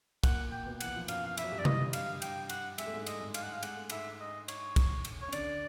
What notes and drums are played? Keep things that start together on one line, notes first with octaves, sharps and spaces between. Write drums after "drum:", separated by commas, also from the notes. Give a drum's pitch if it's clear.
A#2 A#3 F#5, drum: kick, cymbal
G5
B2 B3
E3 F#5, drum: cymbal
F3
F#2 F#3 F5, drum: cymbal
F5
E5, drum: cymbal
F#3
G2 G3
D5
D#5, drum: tom C3
F5, drum: cymbal
G5, drum: cymbal
F#5, drum: cymbal
G#3 E5, drum: cymbal
A3
G#2 G#3
D#5, drum: cymbal
G#2 G#3
F5, drum: cymbal
F#5
F5
G#3 F#5, drum: cymbal
A3
G#2 G#3 E5, drum: cymbal
D#5
C#5, drum: cymbal
drum: kick, cymbal
drum: cymbal
C#5
C#4
D3 D4 D5, drum: cymbal